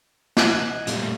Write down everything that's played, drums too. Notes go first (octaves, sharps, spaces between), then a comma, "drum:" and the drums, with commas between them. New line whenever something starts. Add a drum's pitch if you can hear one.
D#5 F#5 G#5, drum: snare
A#2 G3 A3, drum: hi-hat